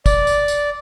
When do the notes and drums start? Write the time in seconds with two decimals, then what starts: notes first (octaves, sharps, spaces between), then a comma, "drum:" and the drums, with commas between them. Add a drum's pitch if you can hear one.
0.06 D5, drum: kick, tambourine
0.27 drum: tambourine
0.48 drum: tambourine